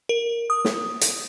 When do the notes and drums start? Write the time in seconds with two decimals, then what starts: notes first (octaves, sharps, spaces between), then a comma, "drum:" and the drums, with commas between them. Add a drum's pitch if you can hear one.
0.09 A#4
0.50 D#6
0.65 drum: snare
1.01 drum: hi-hat